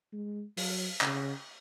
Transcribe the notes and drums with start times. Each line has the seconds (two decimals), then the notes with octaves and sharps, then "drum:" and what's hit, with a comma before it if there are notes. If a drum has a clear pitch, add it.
0.13 G#3
0.57 F#3, drum: open hi-hat
1.01 C#3, drum: clap